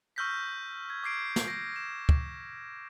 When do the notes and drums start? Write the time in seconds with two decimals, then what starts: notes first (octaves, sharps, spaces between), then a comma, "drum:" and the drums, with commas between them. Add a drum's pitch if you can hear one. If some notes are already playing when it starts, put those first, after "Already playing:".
0.16 C#6 E6 F6 G6 A#6 B6
0.90 G#6
1.03 D6 G#6 C7 D7
1.36 drum: snare
1.47 A#6 D7
1.76 E7
2.09 drum: kick